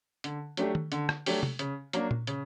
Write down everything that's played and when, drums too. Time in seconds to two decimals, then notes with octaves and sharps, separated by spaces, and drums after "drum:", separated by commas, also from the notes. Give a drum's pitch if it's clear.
0.24 D3, drum: hi-hat
0.57 F#3 A3 D4 G4, drum: hi-hat
0.75 drum: tom D#3
0.92 D3, drum: hi-hat
1.09 drum: rim click
1.26 F#3 A3 D4 G4, drum: open hi-hat
1.43 drum: tom
1.59 C#3, drum: hi-hat
1.93 F#3 A#3 D4, drum: hi-hat
2.11 drum: tom A#2
2.27 C#3, drum: hi-hat